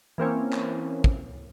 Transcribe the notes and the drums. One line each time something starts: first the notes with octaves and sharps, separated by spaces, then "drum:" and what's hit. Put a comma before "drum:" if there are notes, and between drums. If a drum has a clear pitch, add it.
E3 A#3 C4 C#4
drum: clap
drum: kick